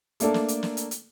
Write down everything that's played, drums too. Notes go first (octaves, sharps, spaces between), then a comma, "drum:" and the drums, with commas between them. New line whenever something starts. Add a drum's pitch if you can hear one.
A3 A#3 D4 A4, drum: hi-hat
drum: snare
drum: hi-hat
drum: snare
drum: hi-hat
drum: hi-hat